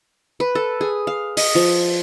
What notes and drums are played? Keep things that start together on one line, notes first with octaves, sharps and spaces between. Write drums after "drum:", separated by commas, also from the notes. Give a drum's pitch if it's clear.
B4
A4
G#4
F5
D#5, drum: open hi-hat
F3